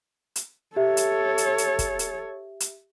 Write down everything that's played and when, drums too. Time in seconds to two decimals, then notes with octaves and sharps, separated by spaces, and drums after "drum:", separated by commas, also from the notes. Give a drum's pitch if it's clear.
0.36 drum: hi-hat
0.76 G4 A4 C#5 E5
0.97 drum: hi-hat
1.38 drum: hi-hat
1.58 drum: hi-hat
1.79 drum: kick, hi-hat
1.99 drum: hi-hat
2.60 drum: hi-hat